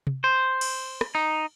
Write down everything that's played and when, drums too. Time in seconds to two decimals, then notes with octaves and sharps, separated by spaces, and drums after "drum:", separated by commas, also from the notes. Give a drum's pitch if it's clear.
0.07 drum: tom C3
0.24 C5
0.61 drum: cymbal
1.01 drum: rim click
1.15 D#4